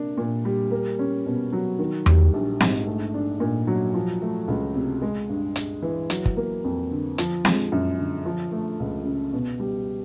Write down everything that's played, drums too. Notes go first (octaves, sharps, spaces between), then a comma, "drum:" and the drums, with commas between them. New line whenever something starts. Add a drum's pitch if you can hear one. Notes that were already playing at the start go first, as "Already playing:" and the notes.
Already playing: C3 A#3 D4
A#2
G3
A#3
C#4
B2
F#3
D#3
G3, drum: tom E2
A#1
G#2, drum: snare
A3
D4
A#2
F#3
F3
A3
C#2
C3
G#3
G2
G2, drum: hi-hat
E3
F#3, drum: hi-hat
drum: kick
A#3
F2
D3
F3, drum: hi-hat
G#3, drum: snare
F#2
D3
F3
A3
C#2
C#3
B2
G3